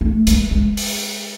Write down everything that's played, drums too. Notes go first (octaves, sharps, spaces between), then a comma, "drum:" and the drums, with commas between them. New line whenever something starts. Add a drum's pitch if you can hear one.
A3
G#3, drum: hi-hat
G#3
drum: open hi-hat